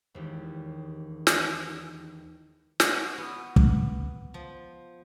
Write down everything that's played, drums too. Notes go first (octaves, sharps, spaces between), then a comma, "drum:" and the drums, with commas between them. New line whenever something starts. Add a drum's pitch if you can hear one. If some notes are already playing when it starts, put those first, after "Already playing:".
E1 D#2 G4
drum: snare
F#4, drum: snare
B3
drum: kick
F3